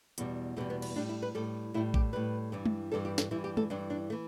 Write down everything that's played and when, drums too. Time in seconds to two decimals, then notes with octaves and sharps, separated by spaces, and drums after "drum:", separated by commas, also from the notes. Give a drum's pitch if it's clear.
0.18 E2 B2 G3, drum: hi-hat
0.56 E2 B2 G3 A3
0.70 B3
0.82 B3, drum: cymbal
0.96 A2 G3 D4
1.09 E4
1.22 B4
1.35 A2 G3 A4
1.74 A2 G3 E4
1.94 G4, drum: kick A#1
2.13 A2 G3 B4
2.52 G2 E3 G3
2.66 drum: tom G#3
2.91 G2 E3 G3 A4
3.05 G4
3.18 A4, drum: snare
3.31 G2 E3 G3 E4
3.44 G4
3.57 A4, drum: tom G#3
3.70 G2 E3 G3 D4
3.90 D4
4.10 E3 A3